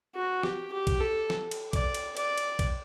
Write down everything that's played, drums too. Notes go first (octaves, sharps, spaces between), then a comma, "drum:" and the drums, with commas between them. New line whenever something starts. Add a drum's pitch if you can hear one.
F#4
G4, drum: snare
G4
drum: kick B1, cymbal
A4
drum: snare
drum: cymbal
D5, drum: kick B1, cymbal
drum: cymbal
D5, drum: cymbal
drum: cymbal
drum: kick B1, cymbal